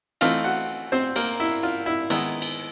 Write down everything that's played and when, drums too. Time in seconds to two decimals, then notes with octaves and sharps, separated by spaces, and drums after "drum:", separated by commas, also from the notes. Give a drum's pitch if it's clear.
0.21 E3 A3 C4 D#4 F4 F5, drum: cymbal
0.44 F#4 F#5
0.92 C4 C5
1.16 A#3 A#4, drum: cymbal
1.40 E4
1.63 F4
1.86 E4
2.10 D#3 G#3 B3 D#4 E4, drum: cymbal
2.42 drum: cymbal